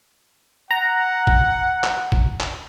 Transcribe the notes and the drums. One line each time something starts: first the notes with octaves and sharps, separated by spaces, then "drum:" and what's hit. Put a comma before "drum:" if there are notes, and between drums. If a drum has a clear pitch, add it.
F#5 A#5
drum: kick A1
drum: clap
drum: kick A1
drum: clap